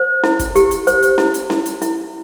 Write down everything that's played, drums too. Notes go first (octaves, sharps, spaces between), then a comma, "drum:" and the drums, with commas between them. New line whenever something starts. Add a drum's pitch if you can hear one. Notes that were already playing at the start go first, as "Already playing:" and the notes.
Already playing: C5
E4, drum: snare C#4
drum: kick, hi-hat
G4, drum: hi-hat
drum: hi-hat
C5, drum: hi-hat
drum: hi-hat
E4, drum: snare C#4
drum: hi-hat
E4, drum: snare C#4
drum: hi-hat
E4, drum: hi-hat